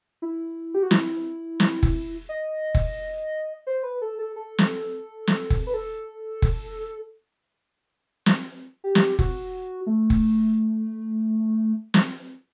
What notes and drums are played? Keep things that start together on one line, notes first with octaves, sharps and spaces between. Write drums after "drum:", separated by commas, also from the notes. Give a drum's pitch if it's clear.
E4
G4
F#4
E4, drum: snare
drum: snare
drum: kick F#1
D#5
drum: kick F#1
C5
B4
A4
A4
A4
drum: snare
drum: snare
drum: kick F#1
B4
A4
drum: kick F#1
drum: snare
G4
drum: snare
F#4, drum: kick F#1
A3
drum: kick F#1
drum: snare